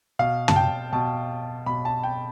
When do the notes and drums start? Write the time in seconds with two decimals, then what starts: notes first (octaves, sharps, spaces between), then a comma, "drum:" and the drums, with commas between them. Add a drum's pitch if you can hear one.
0.19 B2 F5
0.48 A5, drum: tom
0.56 G5
0.93 B2 A5
1.66 B2 B5
1.85 A5
2.03 G5